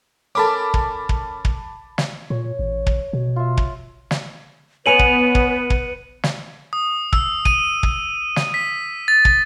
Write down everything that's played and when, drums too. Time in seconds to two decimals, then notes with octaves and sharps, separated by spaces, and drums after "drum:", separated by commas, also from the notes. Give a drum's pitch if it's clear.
0.35 C#4 A4 A#4 A5 B5 D6
0.74 drum: kick
1.09 drum: kick
1.45 drum: kick
1.98 drum: snare
2.30 A#2 C#5
2.59 A1
2.87 drum: kick
3.13 B2
3.36 F4 E5
3.57 drum: kick
4.11 drum: snare
4.86 B3 B4 C#5 G#5 C#7 D#7 F7 F#7
4.99 drum: kick
5.35 drum: kick
5.70 drum: kick
6.23 drum: snare
6.73 D#6
7.13 E6, drum: kick
7.45 D#7, drum: kick
7.83 drum: kick
8.36 drum: snare
8.54 B6
9.08 A6
9.25 drum: kick